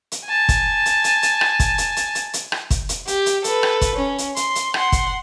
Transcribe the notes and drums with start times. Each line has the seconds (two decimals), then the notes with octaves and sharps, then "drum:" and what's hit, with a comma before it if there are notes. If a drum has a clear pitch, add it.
0.12 drum: hi-hat
0.25 G#5 A5
0.49 drum: kick, hi-hat
0.86 drum: hi-hat
1.04 drum: hi-hat
1.23 drum: hi-hat
1.41 drum: rim click
1.60 drum: kick, hi-hat
1.78 drum: hi-hat
1.96 drum: hi-hat
2.15 drum: hi-hat
2.33 drum: hi-hat
2.52 drum: rim click
2.70 drum: kick, hi-hat
2.89 drum: hi-hat
3.07 G4, drum: hi-hat
3.26 drum: hi-hat
3.44 A4 B4, drum: hi-hat
3.63 drum: rim click
3.81 drum: kick, hi-hat
3.95 C#4
4.18 drum: hi-hat
4.36 C6, drum: hi-hat
4.55 drum: hi-hat
4.74 F#5 C6, drum: rim click
4.92 drum: kick, hi-hat